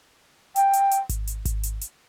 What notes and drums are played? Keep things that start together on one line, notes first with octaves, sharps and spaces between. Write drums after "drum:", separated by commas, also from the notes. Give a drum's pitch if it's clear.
G5, drum: hi-hat
drum: hi-hat
drum: hi-hat
drum: kick G#1, hi-hat
drum: hi-hat
drum: kick G#1, hi-hat
drum: hi-hat
drum: hi-hat